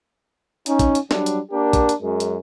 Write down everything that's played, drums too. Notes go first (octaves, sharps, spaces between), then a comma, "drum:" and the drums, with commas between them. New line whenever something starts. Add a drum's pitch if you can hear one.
C#4 D#4, drum: hi-hat
drum: kick, hi-hat
drum: hi-hat
F#3 G3 D4, drum: snare
drum: hi-hat
A#3 D4 G4 A#4
drum: kick, hi-hat
drum: hi-hat
F#2 G#3
drum: hi-hat